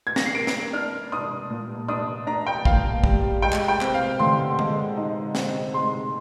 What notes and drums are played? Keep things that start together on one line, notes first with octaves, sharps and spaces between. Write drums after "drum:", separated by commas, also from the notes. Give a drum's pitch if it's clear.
G#6
A#6, drum: snare
C7
A#3 D7
drum: snare
D4 F6
D4 D#6
A#2
D4 D#6
D4 A#5
G5
A#2 F5, drum: kick
G3, drum: kick
G#3 G5
drum: clap
G5
C4, drum: clap
F5
D3 C6
G#3, drum: tom D3
D#4
C4, drum: snare
G#3 C6